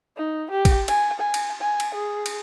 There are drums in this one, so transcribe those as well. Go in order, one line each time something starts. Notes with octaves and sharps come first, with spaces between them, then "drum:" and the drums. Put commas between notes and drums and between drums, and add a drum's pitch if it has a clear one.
D#4
G4
drum: kick, cymbal
G#5, drum: cymbal
G#5
drum: cymbal
G#5
drum: cymbal
G#4
drum: cymbal